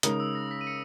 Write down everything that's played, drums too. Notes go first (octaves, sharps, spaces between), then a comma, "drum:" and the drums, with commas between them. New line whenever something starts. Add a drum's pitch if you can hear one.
C#3 G#3 D#4 A#4 D#6, drum: hi-hat
E6
A#6
B6
D#7
C#7